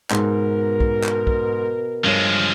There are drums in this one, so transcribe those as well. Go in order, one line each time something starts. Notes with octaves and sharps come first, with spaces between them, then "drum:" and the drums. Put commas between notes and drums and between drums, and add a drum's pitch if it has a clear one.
G#2 B2 A#4, drum: clap
drum: kick
drum: clap
drum: kick
G2 F3 G#3 C#5